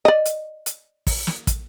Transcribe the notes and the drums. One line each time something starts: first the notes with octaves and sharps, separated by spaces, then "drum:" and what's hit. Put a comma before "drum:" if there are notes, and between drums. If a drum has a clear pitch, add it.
D5 D#5
drum: hi-hat
drum: hi-hat
drum: kick, open hi-hat
drum: snare
drum: kick, hi-hat